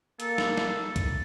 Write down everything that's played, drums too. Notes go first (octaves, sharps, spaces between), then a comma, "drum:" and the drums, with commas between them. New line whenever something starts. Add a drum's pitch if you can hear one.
A#3 A4, drum: hi-hat
drum: snare
drum: snare
drum: kick C2, hi-hat